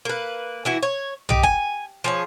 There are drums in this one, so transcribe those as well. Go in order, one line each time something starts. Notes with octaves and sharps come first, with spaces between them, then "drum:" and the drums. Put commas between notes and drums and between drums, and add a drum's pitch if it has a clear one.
A#3 B4
E3 E4 F#4
C#5
D#4 G4, drum: tom B1
G#5, drum: kick F#1
F3 G#4 C#5